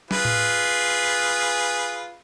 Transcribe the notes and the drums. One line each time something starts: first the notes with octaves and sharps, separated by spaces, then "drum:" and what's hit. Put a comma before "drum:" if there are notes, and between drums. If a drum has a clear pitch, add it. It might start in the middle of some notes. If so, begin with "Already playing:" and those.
F4 G#4 B4, drum: snare
drum: tom A2